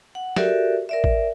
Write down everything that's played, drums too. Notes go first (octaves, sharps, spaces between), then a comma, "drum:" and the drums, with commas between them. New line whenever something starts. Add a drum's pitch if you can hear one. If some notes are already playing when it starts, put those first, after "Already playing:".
F#5
F#4 G4 A4 A#4 D5 E5, drum: snare
A#4 D5 E5
drum: kick